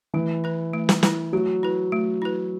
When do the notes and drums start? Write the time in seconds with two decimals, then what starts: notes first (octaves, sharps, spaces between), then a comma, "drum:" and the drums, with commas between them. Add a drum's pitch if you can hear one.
0.14 E3 A3
0.44 E4 B4
0.74 A3
0.89 drum: snare
1.03 E4 B4, drum: snare
1.33 F#3 A3
1.63 E4 B4
1.92 A3
2.22 E4 B4